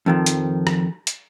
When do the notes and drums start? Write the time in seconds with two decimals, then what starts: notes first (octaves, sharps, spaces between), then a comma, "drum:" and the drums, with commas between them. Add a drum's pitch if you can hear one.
0.06 F2 D#3 F3
0.26 drum: hi-hat
0.67 drum: rim click
1.07 drum: hi-hat